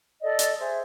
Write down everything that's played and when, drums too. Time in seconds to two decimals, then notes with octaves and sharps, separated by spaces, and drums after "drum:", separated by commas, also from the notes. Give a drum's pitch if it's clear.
0.23 A4 D5 D#5
0.39 drum: hi-hat
0.60 G#4 C5 E5